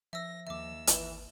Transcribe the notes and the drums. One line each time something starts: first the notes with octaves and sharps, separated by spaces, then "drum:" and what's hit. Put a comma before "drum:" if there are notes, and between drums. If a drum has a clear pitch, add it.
F3 E5 E6 A#6
D#2 E5 D6 E6
G#1 E3, drum: hi-hat